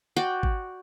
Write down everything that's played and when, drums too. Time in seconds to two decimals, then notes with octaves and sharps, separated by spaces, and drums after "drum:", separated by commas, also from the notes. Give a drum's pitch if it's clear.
0.17 F#4 D5 G5
0.43 drum: kick